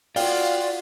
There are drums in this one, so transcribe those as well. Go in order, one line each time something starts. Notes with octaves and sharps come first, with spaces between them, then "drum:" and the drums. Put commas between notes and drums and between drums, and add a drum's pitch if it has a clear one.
F4 F#4 D5 F5 G5 G7, drum: open hi-hat